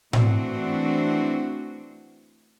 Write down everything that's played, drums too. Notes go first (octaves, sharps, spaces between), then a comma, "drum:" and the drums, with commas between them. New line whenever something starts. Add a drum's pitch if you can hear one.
E3 A3 C4 D4 F#4, drum: tom A2